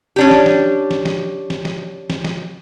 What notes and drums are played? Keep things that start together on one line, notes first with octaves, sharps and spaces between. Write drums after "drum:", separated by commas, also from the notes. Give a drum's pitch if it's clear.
C#4 D4 G4
drum: snare
drum: snare
drum: snare
drum: snare
drum: snare
drum: snare
drum: snare
drum: snare